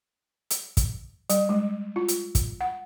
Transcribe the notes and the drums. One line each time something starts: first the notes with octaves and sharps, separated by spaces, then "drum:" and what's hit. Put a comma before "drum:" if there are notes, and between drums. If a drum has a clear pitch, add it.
drum: hi-hat
drum: kick, hi-hat
G3, drum: hi-hat
G#3
F4
drum: hi-hat
drum: kick, hi-hat
F#5